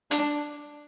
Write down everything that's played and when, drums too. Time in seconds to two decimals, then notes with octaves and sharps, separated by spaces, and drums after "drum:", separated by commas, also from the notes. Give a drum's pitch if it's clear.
0.11 D4, drum: hi-hat